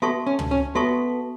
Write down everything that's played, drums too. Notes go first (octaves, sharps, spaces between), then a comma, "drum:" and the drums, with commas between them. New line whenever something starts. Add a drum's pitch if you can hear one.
B3 F#4 A4 E5 A5 C#6
C#4
drum: tom
C#4
B3 F#4 A4 E5 A5 C#6